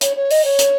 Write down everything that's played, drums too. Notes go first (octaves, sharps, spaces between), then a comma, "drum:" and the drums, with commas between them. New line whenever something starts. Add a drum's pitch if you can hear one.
C#5, drum: hi-hat
C#5
D#5, drum: open hi-hat
C#5
drum: hi-hat